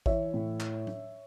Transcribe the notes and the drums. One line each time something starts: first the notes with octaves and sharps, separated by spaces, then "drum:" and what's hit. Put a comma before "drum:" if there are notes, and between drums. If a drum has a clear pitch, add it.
E3 C#5 E5, drum: kick A1
A2
drum: clap
drum: tom F#3